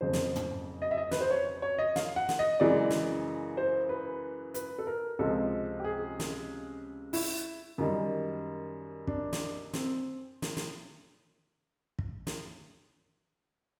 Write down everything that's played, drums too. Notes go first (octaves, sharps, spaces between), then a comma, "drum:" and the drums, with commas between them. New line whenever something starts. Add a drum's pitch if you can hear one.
F#1 F2 C#3 C5
drum: snare
drum: tom
D#5
E5
D#5
B4, drum: snare
C5
C#5
C#5
D#5
F5, drum: snare
F#5
drum: snare
D#5
F#2 C#3 E3 G#3 D5
drum: snare
C5
B4
B4, drum: hi-hat
A4
A#4
C#2 C3 F3 G#3 A4
G4
G#4
drum: snare
E4, drum: open hi-hat
F#2 D#3 G3
D4, drum: kick
drum: snare
C4, drum: snare
drum: snare
drum: snare
drum: kick
drum: snare